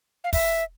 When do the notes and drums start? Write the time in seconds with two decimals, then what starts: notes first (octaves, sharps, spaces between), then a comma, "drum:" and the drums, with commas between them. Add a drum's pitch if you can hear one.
0.24 F5
0.33 E5, drum: kick, open hi-hat